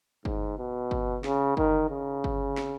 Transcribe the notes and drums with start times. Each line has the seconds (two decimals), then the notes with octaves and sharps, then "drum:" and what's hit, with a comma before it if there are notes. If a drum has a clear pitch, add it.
0.25 G#2, drum: kick G1
0.57 B2
0.91 drum: kick G1
1.24 C#3, drum: snare
1.57 D#3, drum: kick G1
1.90 C#3
2.24 drum: kick G1
2.57 drum: snare